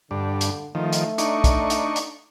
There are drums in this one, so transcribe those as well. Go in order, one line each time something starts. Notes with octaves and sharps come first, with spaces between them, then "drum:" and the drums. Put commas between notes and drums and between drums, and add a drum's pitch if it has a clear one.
G2 D3 D4
drum: hi-hat
D#3 F3 A3
drum: hi-hat
D4 D#4 C#6, drum: hi-hat
drum: kick B1, hi-hat
drum: hi-hat
drum: hi-hat